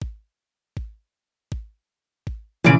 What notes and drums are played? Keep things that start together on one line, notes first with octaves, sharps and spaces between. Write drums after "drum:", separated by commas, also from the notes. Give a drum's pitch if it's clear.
drum: kick
drum: kick
drum: kick
drum: kick
A#2 C#3 E3 D7